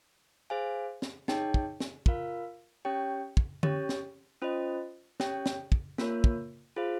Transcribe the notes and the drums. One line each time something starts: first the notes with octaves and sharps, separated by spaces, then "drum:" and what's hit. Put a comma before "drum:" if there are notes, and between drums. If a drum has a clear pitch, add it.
G#4 C5 F5 G#5
drum: snare
D#4 G#4 C#5 G5, drum: snare
drum: kick
drum: snare
F4 A#4 F5, drum: kick
C#4 G4 C#5 G5
drum: kick
C#4 G4 C#5, drum: tom D3
drum: snare
C#4 F4 C5 D#5
C#4 G4 C#5 G5, drum: snare
drum: snare
drum: kick
A#3 F4 A#4 C#5, drum: snare
drum: kick
F4 G#4 C5 F5